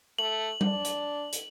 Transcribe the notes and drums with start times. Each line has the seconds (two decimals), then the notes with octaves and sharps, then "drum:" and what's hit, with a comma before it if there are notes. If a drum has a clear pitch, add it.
0.19 A3 F#7
0.61 D4, drum: tom G3
0.85 drum: hi-hat
1.33 drum: hi-hat